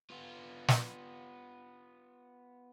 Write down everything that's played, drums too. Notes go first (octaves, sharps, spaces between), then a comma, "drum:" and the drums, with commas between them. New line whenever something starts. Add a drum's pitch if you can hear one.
B3 F4
drum: snare